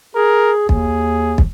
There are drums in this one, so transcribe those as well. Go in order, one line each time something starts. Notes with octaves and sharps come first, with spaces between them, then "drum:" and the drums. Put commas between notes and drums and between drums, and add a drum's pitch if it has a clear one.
G#4 A#4
D#2 G#4, drum: kick
drum: kick